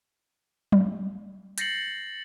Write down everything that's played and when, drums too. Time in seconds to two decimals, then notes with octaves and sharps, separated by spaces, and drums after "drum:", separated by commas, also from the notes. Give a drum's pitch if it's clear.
0.72 drum: tom F#3
1.58 G6 A6 A#6 C7 C#7 F#7, drum: hi-hat